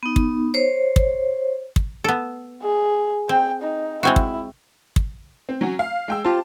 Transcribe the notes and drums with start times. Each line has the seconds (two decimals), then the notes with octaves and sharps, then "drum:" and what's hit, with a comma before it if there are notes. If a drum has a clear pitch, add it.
0.03 B3 D#4
0.16 drum: kick
0.54 C5 C#5
0.96 drum: kick
1.76 drum: kick
2.04 B3 A4
2.63 G#4
3.29 C4 G5
3.62 D#4
4.03 G#3 C4 E4 F#4
4.16 drum: kick
4.96 drum: kick
5.49 C4
5.61 F#3 C#4 F#4
5.79 F5
6.08 G#3 G5 E6
6.25 C4 F4 G4 A5